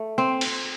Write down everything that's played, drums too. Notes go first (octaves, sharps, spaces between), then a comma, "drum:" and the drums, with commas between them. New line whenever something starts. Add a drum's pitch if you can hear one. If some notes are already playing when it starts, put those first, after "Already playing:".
Already playing: A3
C4
drum: cymbal